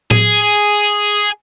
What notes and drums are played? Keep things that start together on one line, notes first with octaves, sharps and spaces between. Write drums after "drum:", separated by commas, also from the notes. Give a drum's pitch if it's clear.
G#4, drum: tom A2